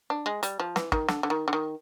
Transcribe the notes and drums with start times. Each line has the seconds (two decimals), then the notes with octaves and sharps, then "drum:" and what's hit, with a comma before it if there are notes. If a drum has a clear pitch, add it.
0.10 D4
0.26 G#3
0.43 G3, drum: hi-hat
0.60 F3
0.76 E3, drum: snare
0.92 D#3, drum: kick
1.09 D3, drum: snare
1.23 D3
1.30 D#3
1.48 D3
1.53 D#3